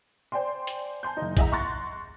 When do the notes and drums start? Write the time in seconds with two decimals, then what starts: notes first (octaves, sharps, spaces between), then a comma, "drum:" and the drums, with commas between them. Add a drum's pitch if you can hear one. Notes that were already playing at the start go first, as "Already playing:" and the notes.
0.32 C5 D5 G5 G#5 C6
0.67 drum: hi-hat
1.03 G#5 A5 C6 G6
1.17 F#1 D#4
1.37 E4 G#4 D#5 E5 F#5 A#5, drum: kick, hi-hat
1.52 C6 C#6 F#6 A6 A#6